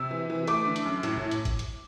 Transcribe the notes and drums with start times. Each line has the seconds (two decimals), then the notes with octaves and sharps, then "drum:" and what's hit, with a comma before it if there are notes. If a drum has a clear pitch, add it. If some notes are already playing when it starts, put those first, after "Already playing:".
Already playing: C3 E6
0.11 E3
0.30 E3
0.48 A3 D6, drum: hi-hat
0.66 D3
0.76 drum: hi-hat
0.85 F#2
1.03 A2, drum: hi-hat
1.18 drum: tom A2
1.31 drum: hi-hat
1.45 drum: kick, hi-hat
1.59 drum: hi-hat